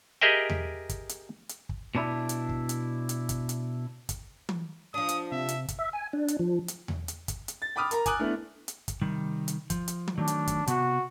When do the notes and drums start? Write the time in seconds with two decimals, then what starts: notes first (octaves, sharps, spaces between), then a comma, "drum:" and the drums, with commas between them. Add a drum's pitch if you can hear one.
0.21 G4 G#4 A#4 D#5 E5 G5
0.50 drum: tom E2
0.89 drum: kick, hi-hat
1.09 drum: hi-hat
1.49 drum: hi-hat
1.69 drum: kick
1.95 B2 D4 E4
2.29 drum: hi-hat
2.49 drum: kick
2.69 drum: hi-hat
3.09 drum: hi-hat
3.29 drum: kick, hi-hat
3.49 drum: hi-hat
4.09 drum: kick, hi-hat
4.49 drum: tom E3
4.94 F3 D4 D#6
5.09 drum: hi-hat
5.32 C3 E5
5.48 drum: hi-hat
5.68 drum: kick, hi-hat
5.79 E5
5.93 G#5
6.13 D4
6.28 drum: hi-hat
6.39 F3
6.68 drum: hi-hat
6.88 drum: tom E2
7.08 drum: hi-hat
7.28 drum: kick, hi-hat
7.48 drum: hi-hat
7.62 A6
7.76 G5 B5 D6 D#6 F6
7.91 A#4 A#5, drum: hi-hat
8.06 G#5 D6 D#6 F#6, drum: kick, hi-hat
8.19 A3 B3 D4 E4
8.68 drum: hi-hat
8.88 drum: kick, hi-hat
9.02 C3 D#3 G3
9.48 drum: hi-hat
9.70 F3, drum: kick, hi-hat
9.88 drum: hi-hat
10.08 drum: tom E3
10.18 D#3 F#3 A3 D4
10.28 drum: hi-hat
10.47 drum: kick, hi-hat
10.67 C3 B3 F#4, drum: hi-hat